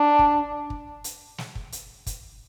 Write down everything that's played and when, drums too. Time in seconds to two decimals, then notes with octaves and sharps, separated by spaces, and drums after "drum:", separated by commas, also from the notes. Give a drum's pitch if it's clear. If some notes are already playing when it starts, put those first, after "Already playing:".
Already playing: D4
0.19 drum: kick
0.70 drum: kick
1.04 drum: hi-hat
1.38 drum: snare
1.55 drum: kick
1.72 drum: hi-hat
2.07 drum: kick, hi-hat